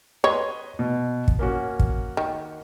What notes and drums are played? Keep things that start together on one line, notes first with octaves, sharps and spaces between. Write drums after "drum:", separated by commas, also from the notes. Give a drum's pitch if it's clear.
B4 C#5 D#5 C6
B2
drum: kick
A#3 C#4 F#4
drum: kick
D#3